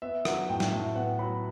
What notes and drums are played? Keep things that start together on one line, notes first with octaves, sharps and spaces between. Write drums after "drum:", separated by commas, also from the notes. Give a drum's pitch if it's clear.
B3 E5
F#3 F#5, drum: rim click
A2 G5
drum: snare
A2 E5
B3 F#5
F#3 B5